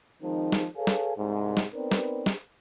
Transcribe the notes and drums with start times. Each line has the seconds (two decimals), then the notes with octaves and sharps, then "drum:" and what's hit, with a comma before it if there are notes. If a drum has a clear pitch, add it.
0.21 D#3 F3 G#3 C4 D#4
0.52 drum: snare
0.76 G#4 A4 B4 C#5 F5 G#5
0.87 drum: snare
1.17 C2 G#2
1.57 drum: snare
1.74 B3 C4 D#4 A#4 B4 D5
1.92 drum: snare
2.26 drum: snare